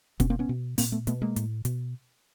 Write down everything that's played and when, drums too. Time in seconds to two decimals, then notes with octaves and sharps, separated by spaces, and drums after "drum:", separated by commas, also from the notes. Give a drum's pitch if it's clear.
0.20 B2 B3 C#4, drum: kick, hi-hat
0.30 A#3 C4
0.39 B3 C#4
0.49 B2
0.78 A#2 A#3 C4, drum: open hi-hat
0.92 A3 B3
1.07 B2 A3 B3, drum: hi-hat
1.22 G#3 A#3
1.36 A2, drum: hi-hat
1.65 B2, drum: hi-hat